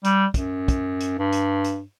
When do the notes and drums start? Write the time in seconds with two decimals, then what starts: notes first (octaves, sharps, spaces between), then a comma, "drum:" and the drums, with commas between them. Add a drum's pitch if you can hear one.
0.04 G3, drum: hi-hat
0.34 F#2, drum: kick, hi-hat
0.68 drum: kick, hi-hat
1.00 drum: hi-hat
1.19 G2
1.32 drum: hi-hat
1.64 drum: hi-hat